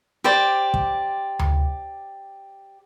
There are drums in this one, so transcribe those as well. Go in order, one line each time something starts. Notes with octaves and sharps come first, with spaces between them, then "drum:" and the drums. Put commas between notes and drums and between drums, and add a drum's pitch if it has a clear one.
G4 C5 D5
drum: kick
drum: tom D2